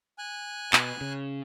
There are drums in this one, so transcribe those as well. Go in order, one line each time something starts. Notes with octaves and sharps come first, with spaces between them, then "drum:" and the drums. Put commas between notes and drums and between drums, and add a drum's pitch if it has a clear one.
G#5 F#6
B2, drum: clap
C#3